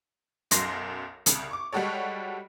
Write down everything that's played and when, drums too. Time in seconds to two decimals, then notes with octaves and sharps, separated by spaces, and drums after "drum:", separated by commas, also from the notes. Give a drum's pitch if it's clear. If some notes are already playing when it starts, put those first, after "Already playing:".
0.51 B1 F#2 C6 A#6 C7, drum: hi-hat
1.26 C2 C#3, drum: hi-hat
1.51 C#6 D6
1.73 G3 G#3 F#4 G4 A4 C#5